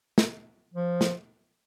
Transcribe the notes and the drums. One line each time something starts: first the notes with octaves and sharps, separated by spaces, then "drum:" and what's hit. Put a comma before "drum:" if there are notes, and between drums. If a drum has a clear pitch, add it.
drum: snare
F3
drum: snare